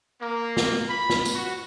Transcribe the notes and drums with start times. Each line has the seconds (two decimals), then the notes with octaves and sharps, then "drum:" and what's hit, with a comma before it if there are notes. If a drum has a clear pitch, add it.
0.21 A#3
0.57 drum: snare
0.89 B5
1.10 drum: snare
1.25 drum: tambourine
1.34 F#4